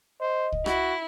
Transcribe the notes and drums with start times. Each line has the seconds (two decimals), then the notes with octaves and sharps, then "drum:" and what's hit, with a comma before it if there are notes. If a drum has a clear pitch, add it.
0.21 C5 D#5
0.52 drum: kick C2
0.66 E4 F#4, drum: rim click